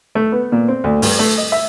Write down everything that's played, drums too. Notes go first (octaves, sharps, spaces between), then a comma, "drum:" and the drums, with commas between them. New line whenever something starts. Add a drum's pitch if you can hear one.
A3
B3
A#2
C4
D2
G2, drum: open hi-hat
A3
D#5
E5